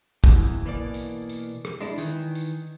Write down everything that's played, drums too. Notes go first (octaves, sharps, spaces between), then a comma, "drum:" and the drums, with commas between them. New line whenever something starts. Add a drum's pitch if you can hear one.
E2 E3, drum: kick, tambourine
B2 E3 A#3 D5
drum: tambourine
drum: tambourine
drum: rim click
G#3 D4 E4
D#3 E3, drum: tambourine
drum: tambourine